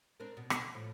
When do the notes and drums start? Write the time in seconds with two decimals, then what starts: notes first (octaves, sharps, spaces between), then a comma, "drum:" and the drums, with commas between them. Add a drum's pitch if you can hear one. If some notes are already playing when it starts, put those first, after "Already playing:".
0.20 C4 D4 A#4
0.37 B2
0.50 drum: rim click
0.74 A2 F3